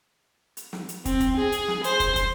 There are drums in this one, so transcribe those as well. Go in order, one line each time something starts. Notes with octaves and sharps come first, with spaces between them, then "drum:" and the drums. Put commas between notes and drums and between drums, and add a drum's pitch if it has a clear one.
drum: hi-hat
drum: snare
drum: hi-hat
C4, drum: kick, hi-hat
drum: kick, hi-hat
G#4
drum: hi-hat
drum: snare
C5, drum: hi-hat
drum: kick, hi-hat
drum: kick, hi-hat